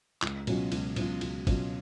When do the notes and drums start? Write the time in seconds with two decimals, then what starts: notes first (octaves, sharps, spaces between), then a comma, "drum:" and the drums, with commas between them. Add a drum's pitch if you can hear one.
0.22 C#2, drum: clap
0.47 B2 F#3 C#4 F4, drum: cymbal
0.72 C#2, drum: cymbal
0.96 B2 F#3 C#4 F4, drum: cymbal
1.21 C#2, drum: cymbal
1.47 B2 F#3 C#4 F4, drum: kick, cymbal